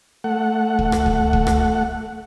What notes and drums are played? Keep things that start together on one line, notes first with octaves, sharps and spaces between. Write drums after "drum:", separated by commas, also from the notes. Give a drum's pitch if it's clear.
A3 F#5
drum: kick
drum: rim click
drum: kick
drum: kick
drum: rim click